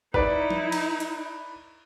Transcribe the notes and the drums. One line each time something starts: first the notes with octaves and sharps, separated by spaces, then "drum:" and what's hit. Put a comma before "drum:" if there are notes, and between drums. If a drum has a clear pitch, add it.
D#4 E4 B4 D5, drum: kick
drum: tom F3
drum: cymbal
drum: hi-hat